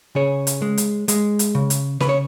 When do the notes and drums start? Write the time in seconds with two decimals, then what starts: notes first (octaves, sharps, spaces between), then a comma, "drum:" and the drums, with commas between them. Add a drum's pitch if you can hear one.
0.15 C#3 G#4 C#5
0.47 drum: hi-hat
0.62 G#3
0.78 drum: hi-hat
1.08 G#3, drum: hi-hat
1.39 drum: hi-hat
1.55 C#3
1.70 drum: hi-hat
2.00 C#3 B4, drum: snare
2.09 C#5